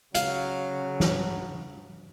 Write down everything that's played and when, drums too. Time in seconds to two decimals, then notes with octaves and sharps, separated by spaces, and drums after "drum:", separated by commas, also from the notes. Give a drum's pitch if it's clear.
0.15 C#3 F#3 F5, drum: hi-hat
1.00 drum: snare